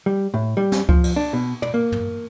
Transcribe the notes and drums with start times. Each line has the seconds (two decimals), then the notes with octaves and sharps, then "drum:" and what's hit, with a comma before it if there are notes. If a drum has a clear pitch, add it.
0.06 G3
0.34 A2
0.57 G3
0.72 drum: snare
0.89 F3, drum: kick C#2
1.04 drum: cymbal
1.16 D4
1.33 B2
1.62 D5, drum: tom
1.74 A#3
1.92 drum: tom